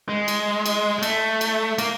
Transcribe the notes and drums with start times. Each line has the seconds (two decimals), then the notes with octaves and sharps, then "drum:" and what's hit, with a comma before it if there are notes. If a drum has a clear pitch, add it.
0.09 G#3
0.28 drum: cymbal
0.66 drum: cymbal
0.98 G#3
1.03 A3, drum: cymbal
1.41 drum: cymbal
1.78 A#3, drum: cymbal